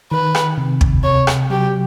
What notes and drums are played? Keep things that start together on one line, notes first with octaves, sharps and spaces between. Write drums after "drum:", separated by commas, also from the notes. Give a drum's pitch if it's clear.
D#3 B4
drum: rim click
C3
drum: kick
C3 C#5
drum: rim click
F#3 G4